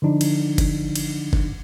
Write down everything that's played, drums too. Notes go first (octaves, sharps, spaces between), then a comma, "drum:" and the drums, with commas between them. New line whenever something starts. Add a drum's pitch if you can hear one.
D3 F3 D4 D#4
drum: cymbal
drum: kick F#1, cymbal
drum: cymbal
drum: kick F#1